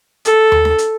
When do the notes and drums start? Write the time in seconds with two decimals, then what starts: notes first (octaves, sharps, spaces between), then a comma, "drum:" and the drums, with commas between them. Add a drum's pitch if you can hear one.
0.25 A4, drum: hi-hat
0.52 drum: tom D#2
0.65 drum: snare D4
0.78 drum: hi-hat